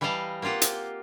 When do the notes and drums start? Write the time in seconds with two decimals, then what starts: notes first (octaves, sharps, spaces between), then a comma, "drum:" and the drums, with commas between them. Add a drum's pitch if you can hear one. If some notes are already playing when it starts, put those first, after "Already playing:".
0.01 E3 G3 D5 D#5 F5 A5
0.42 A#3 C4 F4 G4 F#5
0.62 drum: hi-hat